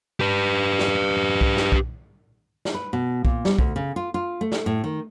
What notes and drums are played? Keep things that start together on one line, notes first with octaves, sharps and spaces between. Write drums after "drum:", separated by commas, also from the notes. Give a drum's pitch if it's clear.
G4 B4
drum: snare
drum: kick B1
drum: snare
drum: kick B1
drum: snare
B4
B2
A#2, drum: kick B1
G3, drum: snare
D2, drum: kick B1
C#3
F4
F4
A3
drum: snare
A2
D#3